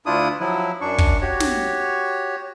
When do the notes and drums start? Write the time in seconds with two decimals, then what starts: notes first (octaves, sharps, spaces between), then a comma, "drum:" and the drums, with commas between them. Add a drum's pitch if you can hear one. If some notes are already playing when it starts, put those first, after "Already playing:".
0.06 D2 D4 E4 F4 D#6
0.40 F3 F#3 E4
0.81 F#2 D4 C#6
0.98 drum: kick
1.22 F#4 G4 C#5
1.40 drum: snare